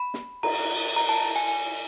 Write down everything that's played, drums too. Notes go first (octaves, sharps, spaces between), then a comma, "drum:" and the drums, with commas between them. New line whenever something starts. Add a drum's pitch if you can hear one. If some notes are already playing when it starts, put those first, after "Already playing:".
Already playing: B5
drum: snare
A#5, drum: cymbal
A#5, drum: open hi-hat
A5
G#5
G#5